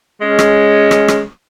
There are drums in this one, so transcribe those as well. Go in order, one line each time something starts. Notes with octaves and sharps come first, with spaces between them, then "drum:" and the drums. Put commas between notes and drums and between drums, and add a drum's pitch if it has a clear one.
G#3 C#4
drum: rim click
drum: rim click
drum: rim click